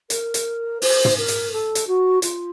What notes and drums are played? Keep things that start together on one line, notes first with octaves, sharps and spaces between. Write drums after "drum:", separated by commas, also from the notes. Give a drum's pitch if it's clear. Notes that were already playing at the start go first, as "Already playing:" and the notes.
A#4, drum: hi-hat
drum: hi-hat
C5, drum: open hi-hat
drum: tom
A#4
drum: hi-hat
A4
drum: hi-hat
F#4
F4, drum: hi-hat